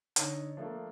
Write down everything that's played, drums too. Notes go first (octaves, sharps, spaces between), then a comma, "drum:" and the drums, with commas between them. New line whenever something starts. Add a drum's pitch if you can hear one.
D3 D#4 C#5, drum: hi-hat
F3 A3 A#3 D4